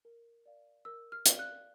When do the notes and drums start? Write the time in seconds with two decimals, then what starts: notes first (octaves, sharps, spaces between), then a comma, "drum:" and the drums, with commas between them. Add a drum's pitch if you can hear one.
0.05 A#4
0.46 D5 F5
0.85 A#4 E6
1.12 F6
1.26 D5 F5, drum: hi-hat
1.39 F#6